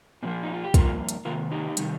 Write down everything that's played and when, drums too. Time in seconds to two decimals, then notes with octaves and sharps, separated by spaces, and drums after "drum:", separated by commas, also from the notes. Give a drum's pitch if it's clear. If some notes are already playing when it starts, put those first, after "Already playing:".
0.23 A#2 F3 A#3 C4
0.43 D#4
0.54 F4
0.64 G4
0.74 G2 F3 A#3 F4 A#4, drum: kick, hi-hat
1.09 drum: hi-hat
1.25 C3 D#3 A#3 F4 A#4
1.51 D#4 G4
1.77 C3 D#3 G3, drum: hi-hat